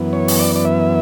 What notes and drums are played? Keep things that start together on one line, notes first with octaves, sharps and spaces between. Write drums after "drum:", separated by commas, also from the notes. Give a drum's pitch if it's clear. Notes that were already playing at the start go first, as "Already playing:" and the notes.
Already playing: F#2 E3 B3
C#5
drum: open hi-hat
D5
D5
E5